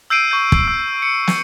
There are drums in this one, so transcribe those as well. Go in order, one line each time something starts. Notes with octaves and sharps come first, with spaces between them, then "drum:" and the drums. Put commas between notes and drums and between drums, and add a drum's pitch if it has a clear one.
E6 G6 C7 D7 D#7
C#6 G6
drum: kick
E6
C#7
drum: snare